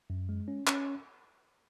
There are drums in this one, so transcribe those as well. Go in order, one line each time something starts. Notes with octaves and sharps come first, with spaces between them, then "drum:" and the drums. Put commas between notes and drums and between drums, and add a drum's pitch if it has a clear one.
F#2
G#3
C#4
C#4, drum: clap